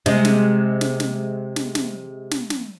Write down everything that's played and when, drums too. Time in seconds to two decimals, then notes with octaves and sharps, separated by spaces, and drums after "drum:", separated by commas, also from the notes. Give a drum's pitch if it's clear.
0.06 C3 G#3, drum: snare
0.25 drum: snare
0.81 drum: snare
1.00 drum: snare
1.56 drum: snare
1.75 drum: snare
2.31 drum: snare
2.50 drum: snare